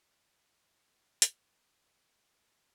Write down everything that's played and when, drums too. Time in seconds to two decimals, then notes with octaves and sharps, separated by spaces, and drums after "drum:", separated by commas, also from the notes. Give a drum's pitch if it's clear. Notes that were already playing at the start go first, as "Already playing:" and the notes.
0.55 E2 E3 C#4 A#4 G5
1.22 drum: hi-hat
1.32 F#2 C#4 A4